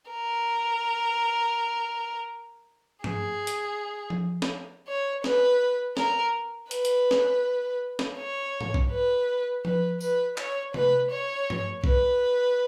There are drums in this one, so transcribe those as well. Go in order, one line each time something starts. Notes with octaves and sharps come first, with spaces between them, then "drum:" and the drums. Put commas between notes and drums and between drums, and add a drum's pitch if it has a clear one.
A#4
G#4, drum: tom G2
drum: hi-hat
drum: tom F3
drum: snare
C#5
B4, drum: snare
A#4, drum: snare
B4, drum: hi-hat
drum: hi-hat
drum: snare
drum: snare
C#5
drum: tom G#2
drum: kick B1
B4
B4, drum: tom F3
B4, drum: tambourine
C#5, drum: clap
B4, drum: tom C3
C#5
drum: tom G2
B4, drum: kick B1